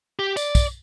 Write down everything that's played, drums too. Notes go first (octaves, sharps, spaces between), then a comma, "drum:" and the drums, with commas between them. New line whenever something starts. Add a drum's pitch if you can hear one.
G4
D5, drum: tambourine
drum: kick, tambourine